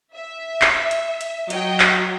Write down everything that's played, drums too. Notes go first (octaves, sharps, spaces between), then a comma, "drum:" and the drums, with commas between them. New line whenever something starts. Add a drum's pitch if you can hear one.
E5
drum: clap
drum: hi-hat
drum: hi-hat
F#3 D#5 G5, drum: hi-hat
drum: clap